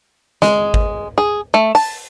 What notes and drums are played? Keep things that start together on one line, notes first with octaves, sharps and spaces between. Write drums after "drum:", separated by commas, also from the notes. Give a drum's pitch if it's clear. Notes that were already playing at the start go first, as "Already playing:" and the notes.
G#3, drum: snare
drum: kick G#1
G#4
A3
A5, drum: open hi-hat